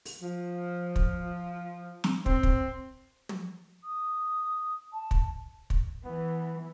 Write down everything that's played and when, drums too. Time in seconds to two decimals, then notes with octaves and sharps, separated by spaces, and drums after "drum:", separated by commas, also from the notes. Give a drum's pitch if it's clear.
0.05 drum: open hi-hat
0.22 F3
0.96 drum: kick
2.04 drum: snare
2.26 C4, drum: kick
2.43 drum: kick
3.29 drum: tom
3.84 D#6
4.92 A5
5.11 drum: kick
5.70 drum: kick
6.05 E3 B3